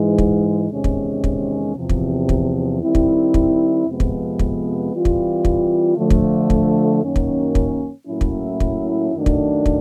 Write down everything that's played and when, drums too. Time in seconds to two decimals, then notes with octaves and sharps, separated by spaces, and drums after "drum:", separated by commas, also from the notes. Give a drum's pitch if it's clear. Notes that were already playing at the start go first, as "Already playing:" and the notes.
Already playing: G#2 E3 G#3
0.18 drum: kick
0.71 E2 C3 D#3 G#3 C#4
0.84 drum: kick
1.24 drum: kick
1.76 E2 C3 F3
1.89 drum: kick
2.29 drum: kick
2.81 D#3 G3 C4 E4
2.95 drum: kick
3.34 drum: kick
3.87 F2 C3 F3 G#3 B3
4.00 drum: kick
4.39 drum: kick
4.92 E3 G3 C4 F4
5.05 drum: kick
5.45 drum: kick
5.98 D3 F3 A3
6.10 drum: kick
6.50 drum: kick
7.02 F#2 D#3 F#3 A#3 C#4
7.16 drum: kick
7.55 drum: kick
8.08 A2 F#3 A#3 C#4 E4
8.21 drum: kick
8.60 drum: kick
9.13 F#2 D#3 F#3 A3 D4
9.26 drum: kick
9.66 drum: kick